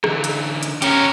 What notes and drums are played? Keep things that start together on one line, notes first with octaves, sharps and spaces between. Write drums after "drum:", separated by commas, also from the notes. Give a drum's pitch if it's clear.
D3 E3, drum: rim click
drum: hi-hat
drum: hi-hat
C#4 G4 A#4, drum: hi-hat